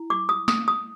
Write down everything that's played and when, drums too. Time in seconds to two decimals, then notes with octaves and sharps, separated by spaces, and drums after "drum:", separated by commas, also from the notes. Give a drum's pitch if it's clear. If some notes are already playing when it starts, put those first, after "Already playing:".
Already playing: E4
0.10 D6
0.29 D#6
0.48 D#6, drum: snare
0.68 D#6